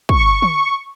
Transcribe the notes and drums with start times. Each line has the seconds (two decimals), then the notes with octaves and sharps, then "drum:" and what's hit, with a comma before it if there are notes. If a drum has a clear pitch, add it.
0.09 C#6, drum: kick
0.42 drum: tom